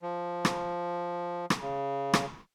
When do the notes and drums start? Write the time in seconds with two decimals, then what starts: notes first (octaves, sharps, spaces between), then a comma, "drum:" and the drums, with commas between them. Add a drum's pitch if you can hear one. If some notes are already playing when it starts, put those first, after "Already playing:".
0.02 F3
0.45 drum: rim click
1.50 drum: rim click
1.61 C#3
2.13 drum: rim click